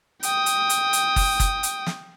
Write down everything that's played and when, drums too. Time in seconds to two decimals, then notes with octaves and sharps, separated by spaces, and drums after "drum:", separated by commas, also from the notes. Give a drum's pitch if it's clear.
0.23 G5 D#6, drum: hi-hat
0.46 drum: hi-hat
0.70 drum: hi-hat
0.93 drum: hi-hat
1.16 drum: kick F#1, open hi-hat
1.40 drum: kick F#1, hi-hat
1.63 drum: hi-hat
1.86 drum: snare